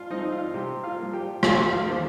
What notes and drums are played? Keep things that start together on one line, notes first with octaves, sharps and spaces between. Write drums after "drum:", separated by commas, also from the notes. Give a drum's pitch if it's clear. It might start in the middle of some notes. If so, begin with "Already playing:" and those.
Already playing: F4 F5
F3 C4 D#4 D#5
F4 F5
C3 G4 G5
F4 F5
F3 A#3
G4 G5
C3 F4 F5, drum: rim click
F4 F5
D#3 A#3 D4 C5